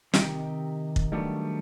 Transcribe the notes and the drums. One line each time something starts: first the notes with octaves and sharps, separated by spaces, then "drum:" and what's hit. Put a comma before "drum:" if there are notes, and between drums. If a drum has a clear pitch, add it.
C3 D#3 D#4 G4 D#5 G5, drum: snare
drum: kick
D#3 F#3 G3 A3 B3 D4